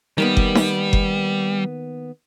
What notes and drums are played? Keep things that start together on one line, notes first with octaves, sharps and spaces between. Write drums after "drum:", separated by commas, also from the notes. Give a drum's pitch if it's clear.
D#3 G3 A#3 B3
drum: kick F#1
drum: snare D#4
drum: kick F#1